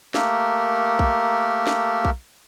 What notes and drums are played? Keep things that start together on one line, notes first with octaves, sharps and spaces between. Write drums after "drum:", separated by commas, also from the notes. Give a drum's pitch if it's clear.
A3 A#3 G4 A4 A#4, drum: snare
drum: kick A#1
drum: snare
drum: kick A#1